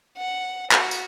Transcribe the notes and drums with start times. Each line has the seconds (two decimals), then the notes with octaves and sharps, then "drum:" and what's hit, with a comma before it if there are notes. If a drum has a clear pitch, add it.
0.18 F#5
0.71 F#4, drum: clap
0.91 drum: tambourine